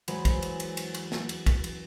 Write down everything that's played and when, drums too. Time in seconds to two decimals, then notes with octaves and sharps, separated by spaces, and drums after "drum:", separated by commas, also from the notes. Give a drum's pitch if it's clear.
0.08 E2 F#3 G#3 B4 C5 G#5, drum: cymbal
0.25 drum: kick, cymbal
0.42 drum: cymbal
0.60 drum: cymbal
0.77 drum: cymbal
0.94 drum: cymbal
1.12 drum: snare
1.29 drum: cymbal
1.46 drum: kick, cymbal
1.64 drum: cymbal